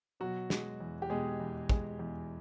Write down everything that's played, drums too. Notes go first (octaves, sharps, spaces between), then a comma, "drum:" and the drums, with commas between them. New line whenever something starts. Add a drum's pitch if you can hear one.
B2 F#3 F#4
G#3, drum: snare
E2
G4
B2 G#3 G#4
E2
G#3, drum: kick
E2